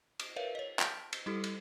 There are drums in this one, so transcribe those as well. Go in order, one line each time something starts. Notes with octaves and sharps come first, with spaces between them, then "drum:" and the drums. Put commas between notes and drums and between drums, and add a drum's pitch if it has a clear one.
D7, drum: cymbal
A#4 B4 C#5 E5 F5
C#5 D#5
A5 F6 G6 B6 D7, drum: clap
drum: cymbal
G3 E4 G4 A4
drum: cymbal